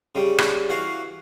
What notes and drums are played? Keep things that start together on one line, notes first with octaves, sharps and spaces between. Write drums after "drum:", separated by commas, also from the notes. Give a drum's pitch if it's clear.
C#3 G3
drum: rim click
E3 F#4 F5